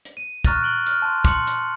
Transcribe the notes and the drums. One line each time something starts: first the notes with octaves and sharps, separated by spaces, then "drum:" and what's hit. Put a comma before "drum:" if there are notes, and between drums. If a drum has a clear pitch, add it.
drum: hi-hat
D#7
A#5 C#6 F6 F#6 A6 A#6, drum: kick, hi-hat
F#6 D7 F#7 G7
F6, drum: hi-hat
A5 C6
C6 D6 C#7 F#7, drum: kick, hi-hat
drum: hi-hat